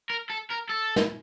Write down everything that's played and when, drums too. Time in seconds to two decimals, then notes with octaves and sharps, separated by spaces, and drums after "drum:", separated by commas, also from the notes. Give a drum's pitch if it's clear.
0.10 A#4
0.30 A4
0.50 A#4
0.69 A4
0.96 drum: snare